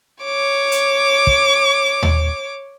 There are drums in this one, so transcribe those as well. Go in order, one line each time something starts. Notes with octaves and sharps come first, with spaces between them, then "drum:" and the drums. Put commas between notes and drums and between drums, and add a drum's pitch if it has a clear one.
C#5 D6
drum: hi-hat
drum: kick
drum: tom D#2